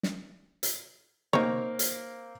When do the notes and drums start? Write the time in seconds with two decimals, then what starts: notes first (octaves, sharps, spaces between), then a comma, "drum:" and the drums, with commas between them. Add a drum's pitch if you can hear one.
0.03 drum: snare
0.63 drum: hi-hat
1.33 A#3 C4 D#4 C#5, drum: tom
1.79 drum: hi-hat